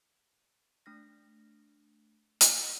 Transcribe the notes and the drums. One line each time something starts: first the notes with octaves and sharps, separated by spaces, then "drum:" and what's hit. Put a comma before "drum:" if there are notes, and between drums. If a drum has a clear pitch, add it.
A3 D4 F6 A#6
drum: hi-hat